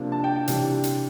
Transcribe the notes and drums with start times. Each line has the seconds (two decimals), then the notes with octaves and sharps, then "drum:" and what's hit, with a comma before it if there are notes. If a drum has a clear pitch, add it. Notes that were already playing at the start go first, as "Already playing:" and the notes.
Already playing: C3 F3 A#3 D4 F4
0.12 A5
0.24 G5
0.36 G5
0.48 C3 E3 G3 D4, drum: hi-hat
0.84 drum: hi-hat